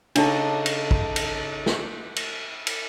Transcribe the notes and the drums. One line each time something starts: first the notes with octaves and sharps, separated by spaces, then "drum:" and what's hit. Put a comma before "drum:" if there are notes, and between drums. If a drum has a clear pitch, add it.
C#3 D4 D#4 A4, drum: cymbal
drum: cymbal
drum: kick
drum: cymbal
drum: snare
drum: cymbal
drum: cymbal